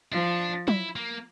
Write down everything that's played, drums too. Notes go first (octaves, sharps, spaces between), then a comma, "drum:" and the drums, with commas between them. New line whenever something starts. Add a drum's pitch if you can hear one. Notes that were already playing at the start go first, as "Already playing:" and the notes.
F3 D4
E4, drum: tom F#3
A#3